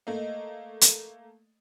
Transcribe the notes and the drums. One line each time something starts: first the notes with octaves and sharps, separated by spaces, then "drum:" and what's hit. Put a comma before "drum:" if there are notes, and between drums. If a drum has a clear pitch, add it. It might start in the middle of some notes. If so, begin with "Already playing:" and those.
A3 A#3 D#5
drum: hi-hat